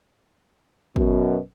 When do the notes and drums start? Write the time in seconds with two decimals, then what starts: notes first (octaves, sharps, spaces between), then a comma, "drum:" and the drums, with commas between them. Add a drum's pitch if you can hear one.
0.96 F#2 B2, drum: kick